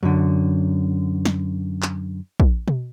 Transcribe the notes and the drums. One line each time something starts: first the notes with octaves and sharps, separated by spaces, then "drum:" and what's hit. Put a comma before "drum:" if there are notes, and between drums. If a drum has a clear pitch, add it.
F#2 D3
drum: snare
drum: clap
drum: kick
drum: tom B2